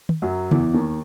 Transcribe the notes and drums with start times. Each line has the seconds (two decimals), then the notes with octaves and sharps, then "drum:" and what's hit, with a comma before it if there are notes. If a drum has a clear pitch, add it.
0.09 drum: tom
0.22 F#2 F#3
0.51 E2 E3, drum: tom C#3
0.74 D#2 D#3